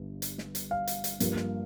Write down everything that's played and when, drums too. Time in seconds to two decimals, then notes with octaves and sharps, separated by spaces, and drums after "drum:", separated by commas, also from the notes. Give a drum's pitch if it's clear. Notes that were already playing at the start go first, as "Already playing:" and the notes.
Already playing: G1 G2
0.22 drum: hi-hat
0.38 drum: snare
0.55 drum: hi-hat
0.71 F5
0.87 drum: hi-hat
1.04 drum: hi-hat
1.20 G2 F3 A#3, drum: hi-hat
1.37 drum: snare